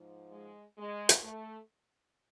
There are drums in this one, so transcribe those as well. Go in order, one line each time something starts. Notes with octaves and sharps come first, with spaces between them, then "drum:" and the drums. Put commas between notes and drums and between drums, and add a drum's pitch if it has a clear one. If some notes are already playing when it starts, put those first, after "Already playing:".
Already playing: G#2 F3
G#3
G#3
drum: hi-hat
A3